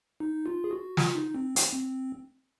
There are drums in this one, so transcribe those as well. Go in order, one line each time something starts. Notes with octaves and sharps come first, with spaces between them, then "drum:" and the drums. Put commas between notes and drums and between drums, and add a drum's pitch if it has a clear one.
D#4
F4
G#4
F#4
F4, drum: snare
D#4
C4
drum: hi-hat
C4